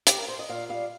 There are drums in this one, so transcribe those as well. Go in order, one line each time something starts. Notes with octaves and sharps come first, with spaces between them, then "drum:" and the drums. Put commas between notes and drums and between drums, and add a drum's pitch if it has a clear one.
G4, drum: hi-hat
A#4
C5
D#5
A#2 F5
G3 F5